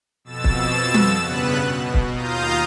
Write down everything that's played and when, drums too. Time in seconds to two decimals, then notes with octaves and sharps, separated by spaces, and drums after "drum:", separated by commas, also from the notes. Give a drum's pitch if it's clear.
0.24 F2 B2 E6 A6 E7
0.44 drum: kick
0.94 drum: tom G3
1.19 G2 C#3 B3 B4 F#6
1.61 B2
1.94 drum: kick
2.13 D#2 F4 F5 A#5 D#6 G6